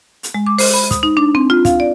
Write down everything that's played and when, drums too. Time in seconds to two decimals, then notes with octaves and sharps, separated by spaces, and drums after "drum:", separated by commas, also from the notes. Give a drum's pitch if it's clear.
0.23 drum: hi-hat
0.34 G#3
0.46 D6
0.58 C5, drum: open hi-hat
0.74 B5
0.91 D#6, drum: kick, hi-hat
1.03 D#4
1.17 D4
1.35 C4
1.50 F4
1.65 F5, drum: kick, hi-hat
1.80 D5